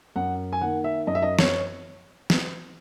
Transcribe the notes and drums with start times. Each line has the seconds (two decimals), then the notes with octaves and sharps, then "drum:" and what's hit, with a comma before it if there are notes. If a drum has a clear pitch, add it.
0.16 F#2 F#5
0.53 G#5
0.61 D#3 A#3 F#5
0.84 E5
1.07 F#2 D#5
1.15 E5
1.22 D#5
1.39 C#5, drum: snare
2.30 drum: snare